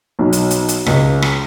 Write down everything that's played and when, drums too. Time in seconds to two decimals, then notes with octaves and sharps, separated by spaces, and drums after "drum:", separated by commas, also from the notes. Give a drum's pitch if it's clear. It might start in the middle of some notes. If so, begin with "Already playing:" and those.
0.19 B1
0.32 drum: hi-hat
0.50 drum: hi-hat
0.68 drum: hi-hat
0.86 C#2, drum: rim click
1.22 drum: rim click